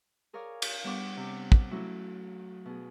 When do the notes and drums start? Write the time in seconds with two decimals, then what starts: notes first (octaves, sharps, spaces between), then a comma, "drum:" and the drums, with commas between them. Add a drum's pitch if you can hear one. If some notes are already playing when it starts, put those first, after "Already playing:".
0.33 G#4 A#4 C#5 D5 F5
0.62 drum: cymbal
0.84 G3 B3 D4 F#5 C#6 D6
1.17 C3
1.52 drum: kick
1.71 F#3 A3 C#4 E4 F#4
2.66 B2 G#4